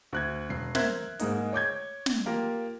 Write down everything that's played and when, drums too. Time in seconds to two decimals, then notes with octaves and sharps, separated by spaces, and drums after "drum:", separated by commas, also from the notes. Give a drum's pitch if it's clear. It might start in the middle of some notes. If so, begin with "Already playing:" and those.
0.13 D2 F#6 G#6
0.50 E1 C7
0.75 A#4 C5 E5 F#6 G#6, drum: snare
1.19 G#2 G#3 A#3 D#4, drum: hi-hat
1.53 C#5 D6 G6 G#6
2.06 drum: snare
2.26 A#3 F4 G4 A#4